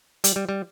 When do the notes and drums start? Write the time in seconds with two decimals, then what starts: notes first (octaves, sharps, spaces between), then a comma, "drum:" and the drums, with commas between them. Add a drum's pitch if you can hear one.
0.24 G3, drum: hi-hat
0.36 G3
0.49 G3